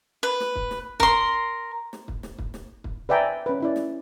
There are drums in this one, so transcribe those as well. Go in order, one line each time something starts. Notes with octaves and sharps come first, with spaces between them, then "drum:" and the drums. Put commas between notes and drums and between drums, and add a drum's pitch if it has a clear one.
B4
drum: snare
drum: kick
drum: snare
A#4 C6, drum: kick
drum: snare
drum: kick
drum: snare
drum: kick
drum: snare
drum: kick
B4 D5 E5 G5 G#5 A#5
C#4 B4
C#4 E4 D5
drum: snare